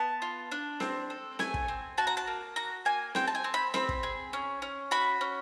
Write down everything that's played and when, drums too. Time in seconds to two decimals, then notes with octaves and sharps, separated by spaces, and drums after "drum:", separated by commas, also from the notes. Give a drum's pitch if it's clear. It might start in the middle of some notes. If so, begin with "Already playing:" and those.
Already playing: B3 A5
0.22 F4
0.51 D4
0.80 C4, drum: snare C4
1.10 A4
1.39 A3 G#5, drum: snare C4
1.54 drum: kick
1.68 C4
1.98 F#4 A5
2.07 A#5
2.17 A5
2.27 A#3
2.56 F#4 A#5
2.85 A#3 G#5
3.15 C4 G5, drum: snare C4
3.27 A5
3.35 G#5
3.44 C4
3.54 B5
3.74 C4 B5, drum: snare C4
3.89 drum: kick
4.03 G#4
4.33 C#4
4.62 C#4
4.91 F#4 B5
5.21 C#4